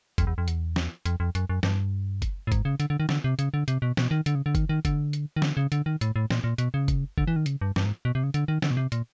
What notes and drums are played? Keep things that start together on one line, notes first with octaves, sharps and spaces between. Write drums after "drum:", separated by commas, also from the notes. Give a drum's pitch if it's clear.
F2, drum: kick F#1, hi-hat
E2
F2
E2, drum: hi-hat
drum: snare
F2, drum: hi-hat
F2
F#2, drum: hi-hat
F#2
G2, drum: snare
drum: kick F#1, hi-hat
A2
G#2, drum: kick F#1, hi-hat
C#3
D3, drum: hi-hat
D3
D#3
D3, drum: snare
C3
C#3, drum: hi-hat
D3
C3, drum: hi-hat
B2
B2, drum: snare
D#3
D3, drum: hi-hat
C#3
D3
D#3, drum: kick F#1, hi-hat
D#3
D3, drum: kick F#1, hi-hat
drum: hi-hat
D#3
D3, drum: snare
C#3
D3, drum: hi-hat
D#3
A2, drum: hi-hat
A2
A#2, drum: snare
A#2
B2, drum: hi-hat
C#3
drum: kick F#1, hi-hat
D3, drum: kick F#1
E3
D#3
C#3, drum: hi-hat
G2
G2, drum: snare
G#2
B2
C3
C#3
D3, drum: hi-hat
D#3
D3, drum: snare
B2
C3
A#2, drum: hi-hat